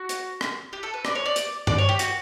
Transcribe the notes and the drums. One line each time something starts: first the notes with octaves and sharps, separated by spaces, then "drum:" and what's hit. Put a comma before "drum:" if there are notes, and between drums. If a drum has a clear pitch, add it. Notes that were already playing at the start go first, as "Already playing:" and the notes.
Already playing: F#4
drum: hi-hat
drum: rim click
G4
A4
B4
D5, drum: rim click
C#5
D5
drum: hi-hat
D5, drum: tom G2
C#5
G4
F#4, drum: hi-hat